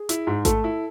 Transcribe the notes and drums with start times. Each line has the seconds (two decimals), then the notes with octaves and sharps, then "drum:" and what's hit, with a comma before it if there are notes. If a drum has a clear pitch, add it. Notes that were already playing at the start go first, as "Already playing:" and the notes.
Already playing: G#4
0.09 E4, drum: hi-hat
0.27 G#2
0.45 A3 A4, drum: kick A1, hi-hat
0.64 E4